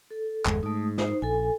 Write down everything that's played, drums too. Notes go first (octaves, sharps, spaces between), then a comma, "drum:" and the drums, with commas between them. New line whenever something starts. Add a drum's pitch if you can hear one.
A4
G1 E2 G#3, drum: clap
G#2 A3 D#6
D#4 C5, drum: snare
A#1 A4 G#5